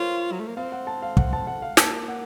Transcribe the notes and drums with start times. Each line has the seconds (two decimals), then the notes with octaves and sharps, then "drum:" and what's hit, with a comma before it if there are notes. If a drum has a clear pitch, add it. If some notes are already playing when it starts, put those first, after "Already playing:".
Already playing: F4 A#4 C5 C#5
0.32 F#3
0.39 A3
0.48 A#3
0.57 C4 F5
0.72 F#5
0.87 A5
1.02 F5
1.17 F#5, drum: kick
1.33 A5
1.47 F#5
1.62 F5
1.77 A#3 A5, drum: snare
2.08 F#5